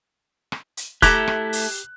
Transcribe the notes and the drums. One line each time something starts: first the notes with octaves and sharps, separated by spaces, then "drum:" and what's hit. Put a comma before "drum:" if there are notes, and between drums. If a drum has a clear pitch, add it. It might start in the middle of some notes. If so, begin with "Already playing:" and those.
drum: rim click
drum: hi-hat
A3 E4 G4 A4 A#5 F#6 G#6, drum: kick, hi-hat
drum: rim click
drum: open hi-hat